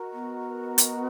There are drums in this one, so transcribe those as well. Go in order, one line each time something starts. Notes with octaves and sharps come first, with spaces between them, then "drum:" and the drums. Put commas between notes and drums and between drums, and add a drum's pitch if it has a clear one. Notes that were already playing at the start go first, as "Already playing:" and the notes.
Already playing: F#4 A#4 D#5 A#5
B3
drum: hi-hat